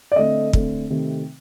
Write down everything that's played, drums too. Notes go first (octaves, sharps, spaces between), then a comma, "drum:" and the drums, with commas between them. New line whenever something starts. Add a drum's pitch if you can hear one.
D5
D3 A3 C4 D#5
D3 A3 C4, drum: kick
C3 D#3 A3 C4